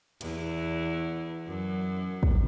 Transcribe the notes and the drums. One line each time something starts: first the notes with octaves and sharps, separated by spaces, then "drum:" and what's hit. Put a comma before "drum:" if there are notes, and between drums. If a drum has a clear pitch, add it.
E2, drum: hi-hat
F#2
drum: kick